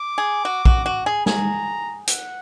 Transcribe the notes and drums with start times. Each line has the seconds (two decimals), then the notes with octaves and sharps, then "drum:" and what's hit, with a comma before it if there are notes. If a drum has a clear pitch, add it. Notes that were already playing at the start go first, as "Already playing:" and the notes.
Already playing: D6
0.18 G#4
0.45 F#4
0.65 F#4, drum: kick
0.86 F#4
1.06 G#4
1.26 G#4 A#5, drum: snare
2.07 F#5, drum: hi-hat